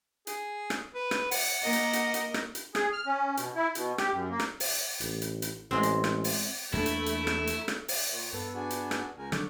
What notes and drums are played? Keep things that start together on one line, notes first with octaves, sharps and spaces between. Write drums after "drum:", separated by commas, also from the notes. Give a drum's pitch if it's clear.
G#4, drum: hi-hat
drum: rim click
B4
drum: rim click
F#5, drum: open hi-hat
A#3 A#4 D#5
drum: hi-hat
drum: hi-hat
drum: hi-hat
drum: rim click
drum: hi-hat
G#4, drum: rim click
F6
C#4
B2, drum: hi-hat
E4
B2, drum: hi-hat
G4, drum: rim click
F#2
A#3
drum: rim click
drum: open hi-hat
A1, drum: hi-hat
drum: hi-hat
drum: hi-hat
A1 G#3 C4
drum: hi-hat
drum: rim click
drum: open hi-hat
E2 A3 A#3 D4 E4
drum: hi-hat
drum: hi-hat
drum: rim click
drum: hi-hat
drum: rim click
drum: open hi-hat
A#2 C#5
G2 B3 A4
D4 F#4 G#4
drum: hi-hat
drum: rim click
C#2 A#4 G#5
D3 D#3 F#3 G3 C#5 D6, drum: rim click